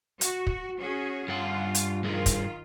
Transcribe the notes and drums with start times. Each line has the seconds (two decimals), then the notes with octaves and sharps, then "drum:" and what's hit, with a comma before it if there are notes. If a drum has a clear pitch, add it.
0.21 F#4, drum: hi-hat
0.47 drum: kick
0.81 C#4 F#4 G#4
1.28 G2 F4 F#5
1.75 drum: hi-hat
2.04 G2 D#3 F4 G#4
2.26 drum: kick, hi-hat